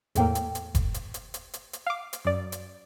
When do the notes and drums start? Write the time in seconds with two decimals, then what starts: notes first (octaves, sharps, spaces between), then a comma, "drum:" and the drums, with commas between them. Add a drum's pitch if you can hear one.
0.15 E2 A2 A#3 A4 G5, drum: hi-hat
0.35 drum: hi-hat
0.55 drum: hi-hat
0.75 drum: kick F1, hi-hat
0.94 drum: hi-hat
1.14 drum: hi-hat
1.34 drum: hi-hat
1.54 drum: hi-hat
1.73 drum: hi-hat
1.86 F5 D6
2.13 drum: hi-hat
2.25 F#2 D5
2.52 drum: hi-hat